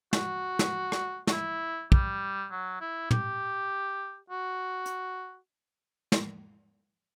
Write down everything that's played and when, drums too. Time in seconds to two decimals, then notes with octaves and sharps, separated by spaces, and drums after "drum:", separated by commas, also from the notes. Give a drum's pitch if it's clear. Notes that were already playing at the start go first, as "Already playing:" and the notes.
0.13 F#4, drum: snare
0.59 drum: snare
0.92 drum: rim click
1.27 F#4, drum: snare
1.32 E4
1.92 G3, drum: kick
2.51 F#3
2.81 E4
3.11 G4, drum: tom
4.30 F#4
4.86 drum: hi-hat
6.12 drum: snare